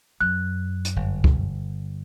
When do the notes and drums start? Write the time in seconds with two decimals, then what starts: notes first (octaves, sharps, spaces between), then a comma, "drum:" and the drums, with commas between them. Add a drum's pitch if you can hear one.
0.21 F#2 F#6
0.85 drum: hi-hat
0.96 G1
1.24 drum: kick